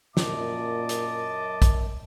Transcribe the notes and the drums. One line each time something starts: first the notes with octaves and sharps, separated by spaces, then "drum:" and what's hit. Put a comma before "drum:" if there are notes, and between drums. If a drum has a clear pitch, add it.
F#2 A#2 D#5 A5 D6, drum: snare
drum: hi-hat
drum: kick, hi-hat